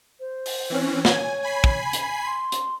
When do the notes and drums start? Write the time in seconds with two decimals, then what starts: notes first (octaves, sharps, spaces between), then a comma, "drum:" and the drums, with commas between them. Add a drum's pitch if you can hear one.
0.20 C5
0.46 drum: open hi-hat
0.70 E3 C4 C#4
1.05 C#5 G#5, drum: snare
1.42 G#5 B5 C7
1.64 drum: kick
1.93 drum: hi-hat
2.26 C6
2.52 drum: hi-hat